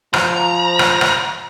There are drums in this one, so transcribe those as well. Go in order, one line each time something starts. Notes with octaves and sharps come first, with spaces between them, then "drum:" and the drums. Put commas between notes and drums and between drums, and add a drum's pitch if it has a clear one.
F3 A#5, drum: rim click
drum: rim click
drum: rim click